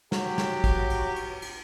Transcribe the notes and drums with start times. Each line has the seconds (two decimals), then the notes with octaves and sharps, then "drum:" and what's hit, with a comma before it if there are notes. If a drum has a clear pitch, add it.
0.12 F#3 G4, drum: snare
0.38 drum: snare
0.64 drum: kick, cymbal
0.90 drum: cymbal
1.16 drum: cymbal
1.42 drum: cymbal